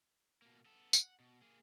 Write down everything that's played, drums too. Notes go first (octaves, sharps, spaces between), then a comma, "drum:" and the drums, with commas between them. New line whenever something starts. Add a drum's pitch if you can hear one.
B2 A#3
B3 A4
F#5, drum: tambourine
B2
A#3 G#4